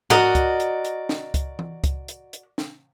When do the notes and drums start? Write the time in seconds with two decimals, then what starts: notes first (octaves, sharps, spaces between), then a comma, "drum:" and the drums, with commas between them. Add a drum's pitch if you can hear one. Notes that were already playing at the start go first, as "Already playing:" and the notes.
0.10 F#4 A#4 D5 D#5, drum: tom G#2
0.35 drum: kick C#2, hi-hat
0.60 drum: hi-hat
0.85 drum: hi-hat
1.09 drum: snare
1.34 drum: kick C#2, hi-hat
1.59 drum: tom E3
1.84 drum: kick C#2, hi-hat
2.08 drum: hi-hat
2.33 drum: hi-hat
2.58 drum: snare